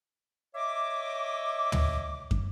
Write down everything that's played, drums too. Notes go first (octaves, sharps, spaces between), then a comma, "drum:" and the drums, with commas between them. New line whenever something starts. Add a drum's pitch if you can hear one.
C#5 D#5 E5 D6
drum: tom
drum: kick